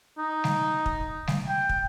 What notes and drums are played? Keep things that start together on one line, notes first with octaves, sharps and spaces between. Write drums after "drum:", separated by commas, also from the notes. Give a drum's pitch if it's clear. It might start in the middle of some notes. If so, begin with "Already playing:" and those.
D#4
drum: snare G3
drum: kick
drum: snare G3
G5
drum: kick